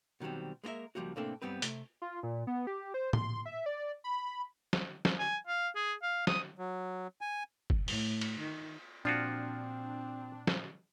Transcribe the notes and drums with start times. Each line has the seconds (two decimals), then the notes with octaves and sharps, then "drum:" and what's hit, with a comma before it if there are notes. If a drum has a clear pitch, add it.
0.20 B2 D#3 F#3 G3 C4
0.64 G#3 A#3 C#4 A#4 E5
0.95 C#2 D3 F3 G3 A#3 F#4
1.16 A2 C3 A#3 C4 D4 A4
1.42 G2 G3 B3 C4 B4
1.62 C3 A3, drum: hi-hat
2.02 F4
2.23 A#2
2.47 B3
2.67 G4
2.94 C5
3.13 C6, drum: tom A2
3.46 E5
3.66 D5
4.04 B5
4.73 drum: snare
5.05 drum: snare
5.19 G#5
5.47 F5
5.75 G#4
6.02 F5
6.27 D#6, drum: snare
6.59 F#3
7.21 G#5
7.70 drum: kick
7.88 A2, drum: open hi-hat
8.21 drum: cymbal
8.41 D#3
9.05 A#2 F3 C4 D4 F4 F#4
10.47 drum: snare